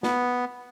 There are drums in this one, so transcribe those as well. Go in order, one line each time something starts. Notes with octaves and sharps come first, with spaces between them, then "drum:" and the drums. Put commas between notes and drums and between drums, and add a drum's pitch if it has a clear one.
B3, drum: snare